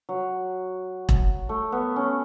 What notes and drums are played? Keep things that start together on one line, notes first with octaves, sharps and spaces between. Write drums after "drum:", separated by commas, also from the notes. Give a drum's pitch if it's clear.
F#3
drum: kick E1
A3
B3
C#4